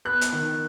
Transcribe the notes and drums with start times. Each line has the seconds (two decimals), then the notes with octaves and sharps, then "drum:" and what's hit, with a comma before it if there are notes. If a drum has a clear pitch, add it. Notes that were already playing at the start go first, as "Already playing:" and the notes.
0.05 B3 F#6
0.21 drum: hi-hat
0.33 D#3